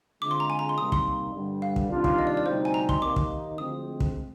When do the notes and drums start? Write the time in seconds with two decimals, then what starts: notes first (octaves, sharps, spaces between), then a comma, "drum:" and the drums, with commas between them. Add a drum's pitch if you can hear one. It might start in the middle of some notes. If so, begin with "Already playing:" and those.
0.22 D3 G#3 C4 F4 D6
0.31 C6
0.40 A#5
0.50 G#5
0.59 A#5
0.69 C6
0.78 C3 G3 A#3 D#4 D#6
0.92 C6, drum: kick
1.34 G2 D3 G3
1.62 F5
1.76 drum: kick
1.90 C3 D#3 G3 D4 F4
2.04 drum: kick
2.18 D#5
2.27 D5
2.37 D5
2.46 D2 C3 G3 C4 D#4 C5
2.65 G#5
2.74 A#5
2.89 C6, drum: kick
3.02 D#2 D#3 A#3 D#4 D6
3.16 drum: kick
3.58 D2 D3 F3 G#3 C4 D#6
4.00 drum: kick